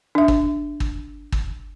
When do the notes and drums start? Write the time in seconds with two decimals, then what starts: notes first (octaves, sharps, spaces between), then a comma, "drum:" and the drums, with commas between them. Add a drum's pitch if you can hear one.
0.15 D4 E5
0.28 drum: kick
0.80 drum: kick
1.32 drum: kick